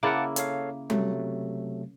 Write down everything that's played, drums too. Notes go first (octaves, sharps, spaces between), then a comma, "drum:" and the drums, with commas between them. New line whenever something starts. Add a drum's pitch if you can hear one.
C#3 A#3 E4 F#5 A5 D6
A4 C#5 F5, drum: hi-hat
C3 F#3 A3, drum: tom G3